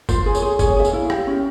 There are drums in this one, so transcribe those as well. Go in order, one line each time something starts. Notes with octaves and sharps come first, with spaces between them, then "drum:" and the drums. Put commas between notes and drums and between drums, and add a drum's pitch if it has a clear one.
F4 C5, drum: kick, tambourine
G#4
C#5, drum: tambourine
G#4
G#4 C#5, drum: kick, tambourine
G#4 E5
F5, drum: tambourine
E4
G4, drum: rim click
C#4